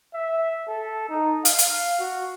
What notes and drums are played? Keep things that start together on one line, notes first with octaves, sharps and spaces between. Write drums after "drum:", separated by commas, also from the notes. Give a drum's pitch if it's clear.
E5
A4
D#4
F5, drum: hi-hat
drum: hi-hat
F#4